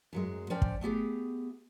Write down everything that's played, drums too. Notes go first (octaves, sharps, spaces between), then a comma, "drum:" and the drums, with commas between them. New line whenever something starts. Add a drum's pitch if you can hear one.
F#2 F#3 G#3
F3 C#4 C5 D5 G5
drum: kick
A3 B3 G4 G#4